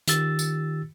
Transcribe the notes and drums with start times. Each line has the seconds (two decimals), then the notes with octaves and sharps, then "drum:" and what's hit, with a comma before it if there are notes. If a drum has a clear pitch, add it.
0.08 D#3 F4 G4 E6 A6, drum: hi-hat
0.39 drum: tambourine